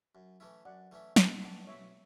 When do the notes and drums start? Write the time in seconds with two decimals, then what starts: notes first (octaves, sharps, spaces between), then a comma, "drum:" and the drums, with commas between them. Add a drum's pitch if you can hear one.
0.15 F#2
0.40 E3 A3 C#4 E4
0.65 F#2 D5 F#5
0.91 E3 A3 C#4 E4
1.16 B1, drum: snare
1.42 A2 E3 B3 D4
1.67 B1 C#5 E5